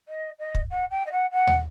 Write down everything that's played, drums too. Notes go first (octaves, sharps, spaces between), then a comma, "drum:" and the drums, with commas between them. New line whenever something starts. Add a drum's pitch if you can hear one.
D#5
D#5
drum: kick
F#5
G5
D#5
F#5
F#5
drum: tom